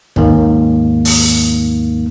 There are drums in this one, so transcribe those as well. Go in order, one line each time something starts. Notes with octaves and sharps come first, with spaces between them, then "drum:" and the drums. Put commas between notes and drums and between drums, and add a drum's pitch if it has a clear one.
D#2 G#2 D#3 A#3, drum: kick
drum: open hi-hat